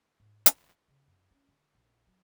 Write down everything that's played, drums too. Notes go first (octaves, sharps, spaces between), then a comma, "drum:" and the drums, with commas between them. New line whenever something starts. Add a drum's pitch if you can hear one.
G#2
D#3, drum: hi-hat
D4
C#3
F#2
C#4
D3
A#1
F#3